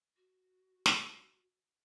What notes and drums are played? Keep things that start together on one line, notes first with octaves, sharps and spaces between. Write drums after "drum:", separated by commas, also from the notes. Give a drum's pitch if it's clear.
F#4
drum: snare